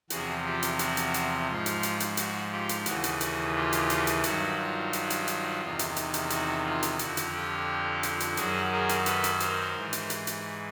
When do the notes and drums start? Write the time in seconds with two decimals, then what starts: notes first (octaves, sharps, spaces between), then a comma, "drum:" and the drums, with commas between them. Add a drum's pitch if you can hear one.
0.10 E2 C3 F3 F#4 G#4, drum: hi-hat
0.45 F4 G4
0.63 drum: hi-hat
0.79 F#4, drum: hi-hat
0.97 drum: hi-hat
1.14 drum: hi-hat
1.48 G#2 F3 F4
1.66 drum: hi-hat
1.83 drum: hi-hat
2.00 drum: hi-hat
2.17 F#4, drum: hi-hat
2.52 F4 G4
2.69 drum: hi-hat
2.86 D#2 C#3 E3 F#4, drum: hi-hat
3.04 drum: hi-hat
3.21 F#4, drum: hi-hat
3.55 F4 G4
3.73 drum: hi-hat
3.90 drum: hi-hat
4.07 drum: hi-hat
4.24 G2 D#3 F#3 F#4, drum: hi-hat
4.58 F4
4.93 drum: hi-hat
5.10 drum: hi-hat
5.28 drum: hi-hat
5.62 E2 C3 D#3
5.79 drum: hi-hat
5.96 drum: hi-hat
6.14 drum: hi-hat
6.30 F#4, drum: hi-hat
6.65 F4
6.83 drum: hi-hat
6.99 F2 D3 F3 F#4, drum: hi-hat
7.17 drum: hi-hat
7.34 F4 G4
8.03 drum: hi-hat
8.20 drum: hi-hat
8.37 F#2 D#3 F#3 F#4 G#4, drum: hi-hat
8.72 G#4 A#4
8.89 drum: hi-hat
9.06 A4 B4, drum: hi-hat
9.24 drum: hi-hat
9.40 A#4 C5, drum: hi-hat
9.76 G#2 E3
9.93 drum: hi-hat
10.10 drum: hi-hat
10.27 drum: hi-hat